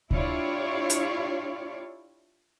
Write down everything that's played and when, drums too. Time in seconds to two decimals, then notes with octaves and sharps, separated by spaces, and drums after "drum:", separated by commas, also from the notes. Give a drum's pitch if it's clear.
0.11 D4 E4 F4 G4 C#5 D5, drum: kick D2
0.90 drum: hi-hat